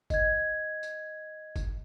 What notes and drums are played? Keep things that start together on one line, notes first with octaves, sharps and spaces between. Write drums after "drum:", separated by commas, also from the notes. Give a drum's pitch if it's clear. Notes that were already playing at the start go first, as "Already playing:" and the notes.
D#5 G#6, drum: kick G1, tambourine
drum: tambourine
drum: kick G1, tambourine